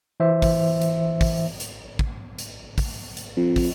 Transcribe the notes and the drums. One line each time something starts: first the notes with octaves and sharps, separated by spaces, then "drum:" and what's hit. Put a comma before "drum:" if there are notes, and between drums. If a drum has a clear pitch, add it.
E3 C5 E5
drum: kick, open hi-hat
drum: hi-hat
drum: kick, open hi-hat
drum: hi-hat
drum: kick
drum: hi-hat
drum: kick, open hi-hat
drum: hi-hat
F2
drum: kick, open hi-hat